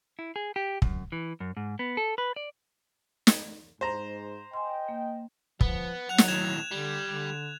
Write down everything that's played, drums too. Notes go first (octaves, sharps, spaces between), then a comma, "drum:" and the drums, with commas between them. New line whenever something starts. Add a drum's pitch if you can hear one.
E4
G#4
G4
F#2, drum: kick
E3
F#2
G#2
B3
A4
B4
D5
drum: snare
G#2 C5 A#5
D#5 G5 G#5 C6
A#3
F3 B3, drum: kick
F#3 F#5 F#6 F7
drum: snare
D#2 A2 G#6 E7 F7
D3 G3
D3